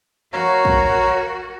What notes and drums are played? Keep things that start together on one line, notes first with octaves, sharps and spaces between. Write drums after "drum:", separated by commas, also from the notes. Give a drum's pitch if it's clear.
F#4 A#4 C#5 F5 A#5
drum: kick